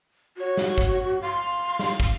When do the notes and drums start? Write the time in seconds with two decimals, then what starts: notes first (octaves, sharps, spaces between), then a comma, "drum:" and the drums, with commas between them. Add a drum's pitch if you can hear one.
0.37 F#4 C#5
0.57 drum: snare
0.78 drum: kick
1.22 F5 C6
1.79 drum: snare
2.00 drum: kick